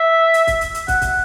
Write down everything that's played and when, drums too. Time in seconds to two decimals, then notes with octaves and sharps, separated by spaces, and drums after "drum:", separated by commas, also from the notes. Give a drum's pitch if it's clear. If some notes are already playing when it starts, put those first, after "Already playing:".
Already playing: E5
0.34 drum: hi-hat
0.47 drum: kick, hi-hat
0.61 drum: hi-hat
0.75 drum: hi-hat
0.88 F#5, drum: kick, hi-hat
1.02 drum: kick, hi-hat